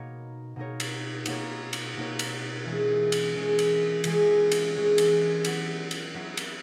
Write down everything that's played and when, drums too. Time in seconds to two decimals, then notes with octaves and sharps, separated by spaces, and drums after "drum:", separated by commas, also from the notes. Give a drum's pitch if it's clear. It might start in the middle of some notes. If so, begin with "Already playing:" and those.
Already playing: B2 A#3 D#4 A#4 C#5
0.56 B2 A#3 D#4 A#4 C#5
0.80 drum: cymbal
1.26 B2 A#3 D#4 A#4 C#5, drum: cymbal
1.73 drum: cymbal
1.97 B2 A#3 D#4 A#4 C#5
2.19 drum: cymbal
2.65 E3 G#3 C#4 G#4
3.12 drum: cymbal
3.34 E3 G#3 C#4 G#4
3.59 drum: cymbal
4.04 E3 G#3 C#4 G#4, drum: cymbal
4.52 drum: cymbal
4.75 E3 G#3 C#4 G#4
4.98 drum: cymbal
5.45 F#3 B3 E4, drum: cymbal
5.91 drum: cymbal
6.14 F#3 B3 E4
6.37 drum: cymbal